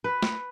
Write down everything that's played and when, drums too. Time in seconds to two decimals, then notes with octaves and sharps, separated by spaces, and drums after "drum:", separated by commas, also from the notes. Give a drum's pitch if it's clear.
0.04 B4
0.23 drum: snare